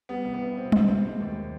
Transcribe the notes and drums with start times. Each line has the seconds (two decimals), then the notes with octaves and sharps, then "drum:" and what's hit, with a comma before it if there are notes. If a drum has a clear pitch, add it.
0.09 G3 B3
0.25 C2
0.34 B3
0.40 C2
0.57 B2 C4
0.72 G3, drum: tom
0.80 C4
0.88 C2
1.05 G#3
1.20 D#2